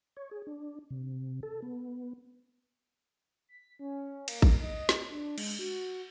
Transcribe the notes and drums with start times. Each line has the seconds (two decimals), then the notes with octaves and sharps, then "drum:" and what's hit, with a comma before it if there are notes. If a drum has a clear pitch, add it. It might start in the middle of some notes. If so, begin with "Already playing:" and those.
0.17 C#5
0.31 G#4
0.47 D4
0.90 C3
1.43 A4
1.62 B3
3.49 B6
3.79 C#4
4.28 A#3, drum: cymbal
4.42 drum: kick A1
4.61 D#5
4.89 drum: snare
5.10 D4
5.38 G#3, drum: cymbal
5.59 F#4